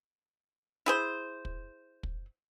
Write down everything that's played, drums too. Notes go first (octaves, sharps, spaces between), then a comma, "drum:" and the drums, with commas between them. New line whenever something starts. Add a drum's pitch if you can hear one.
E4 G#4 C5
drum: kick
drum: kick